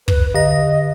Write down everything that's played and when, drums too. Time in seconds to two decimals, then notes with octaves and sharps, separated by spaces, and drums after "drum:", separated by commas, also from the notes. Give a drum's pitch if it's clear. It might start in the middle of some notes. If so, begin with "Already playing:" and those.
0.08 B4, drum: kick
0.34 D3 D#5 A#6